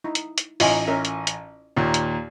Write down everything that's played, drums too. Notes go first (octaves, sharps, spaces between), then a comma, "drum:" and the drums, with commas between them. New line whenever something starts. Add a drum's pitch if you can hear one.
D#4 E4
drum: hi-hat
drum: hi-hat
A1 C#4 D#4 F4 D#5 G#5, drum: open hi-hat
C#4 A#4 E5
drum: hi-hat
drum: hi-hat
D#2 A#2 F4
drum: hi-hat